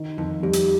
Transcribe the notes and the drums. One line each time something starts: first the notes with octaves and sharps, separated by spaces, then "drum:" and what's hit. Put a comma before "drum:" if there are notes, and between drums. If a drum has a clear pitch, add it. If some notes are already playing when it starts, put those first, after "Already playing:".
Already playing: D#3
F2 D#3
F2 G3
drum: hi-hat